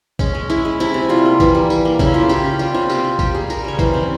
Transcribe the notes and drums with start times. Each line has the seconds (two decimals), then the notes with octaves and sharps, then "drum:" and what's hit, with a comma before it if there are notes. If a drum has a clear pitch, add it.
0.19 G#3 C#4, drum: kick, tambourine
0.35 G#3
0.50 G#3 E4, drum: tambourine
0.65 G#3
0.80 C3 E4, drum: tambourine
0.94 C3
1.09 G3 F4
1.25 A#3
1.40 E3, drum: kick, tambourine
1.55 G3
1.70 E3, drum: tambourine
1.85 A#3
1.99 C#3 E4, drum: kick, tambourine
2.14 C#3 F4
2.29 C#3 G4, drum: tambourine
2.45 C#3
2.59 G3 F4, drum: tambourine
2.74 C3 F4
2.90 A#3 G4, drum: tambourine
3.04 A#3
3.19 G3 G4, drum: kick, tambourine
3.34 G3 G#4
3.50 G3 A#4, drum: tambourine
3.64 C#3 C#5
3.79 E3 C5, drum: kick, tambourine
3.94 C3